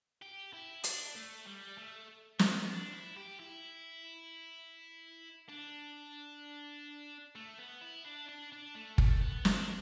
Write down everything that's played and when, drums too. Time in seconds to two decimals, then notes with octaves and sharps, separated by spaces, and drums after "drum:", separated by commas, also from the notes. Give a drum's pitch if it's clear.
0.22 G4
0.53 E4
0.84 D4, drum: hi-hat
1.15 A3
1.46 G3
1.78 A3
2.39 B3, drum: snare
2.70 D4
2.94 E4
3.17 G4
3.40 E4
5.49 D4
7.35 A3
7.59 B3
7.82 E4
8.05 D4
8.29 D4
8.52 D4
8.75 A3
8.98 A3, drum: kick
9.21 B3
9.45 D4, drum: snare